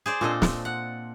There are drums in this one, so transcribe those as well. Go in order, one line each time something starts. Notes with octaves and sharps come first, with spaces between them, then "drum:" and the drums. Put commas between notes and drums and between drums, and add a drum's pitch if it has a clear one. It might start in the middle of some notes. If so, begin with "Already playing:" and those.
G#4 C5 D5
A#2 C4 D4 A4 C5 D#5
drum: snare
F#5